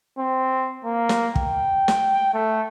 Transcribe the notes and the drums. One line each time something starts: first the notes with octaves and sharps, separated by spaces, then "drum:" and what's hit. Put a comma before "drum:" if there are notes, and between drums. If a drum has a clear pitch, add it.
C4
A#3
drum: snare
G5, drum: kick
drum: snare
A3